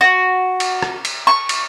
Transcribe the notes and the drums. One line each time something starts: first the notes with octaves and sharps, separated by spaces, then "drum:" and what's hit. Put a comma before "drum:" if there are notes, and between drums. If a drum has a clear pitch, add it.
F#4
drum: cymbal
drum: rim click
drum: cymbal
C#6
drum: cymbal